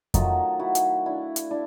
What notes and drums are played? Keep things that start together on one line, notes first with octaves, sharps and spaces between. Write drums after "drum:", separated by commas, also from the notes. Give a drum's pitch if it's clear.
D#3 F#3 A3 D#4 F4, drum: kick F2, hi-hat
E4 F#4
drum: hi-hat
D4 E4
drum: hi-hat
D4 E4